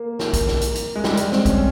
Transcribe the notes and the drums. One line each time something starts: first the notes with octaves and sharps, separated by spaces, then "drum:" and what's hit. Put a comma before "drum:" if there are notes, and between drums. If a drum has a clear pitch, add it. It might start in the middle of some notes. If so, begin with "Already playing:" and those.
Already playing: A#3
drum: snare
drum: kick B1, hi-hat
drum: snare
drum: hi-hat
drum: hi-hat
G#3
G3, drum: snare
G#3, drum: hi-hat
C4, drum: snare
C#4, drum: kick B1, hi-hat